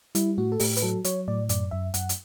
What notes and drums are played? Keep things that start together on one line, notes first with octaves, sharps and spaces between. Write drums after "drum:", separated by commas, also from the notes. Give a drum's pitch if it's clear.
G3 E4, drum: hi-hat
A2 F#4
A4
A2 G4, drum: open hi-hat
B4, drum: hi-hat
F#3 A4
F#3 C#5, drum: hi-hat
A2 D5
F#2 D5, drum: hi-hat
F#2 E5
F#2 F#5, drum: hi-hat
drum: hi-hat